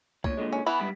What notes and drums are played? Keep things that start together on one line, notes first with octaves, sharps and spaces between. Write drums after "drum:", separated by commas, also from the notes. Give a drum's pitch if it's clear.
D2 A#2 C#5, drum: kick C2
A#2 D3 G#3
C#4
B3 E4 B4 G#5 B5
G#2 G3